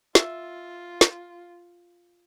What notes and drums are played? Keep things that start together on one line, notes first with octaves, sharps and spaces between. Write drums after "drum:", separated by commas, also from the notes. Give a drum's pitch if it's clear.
F4 E5, drum: snare
drum: snare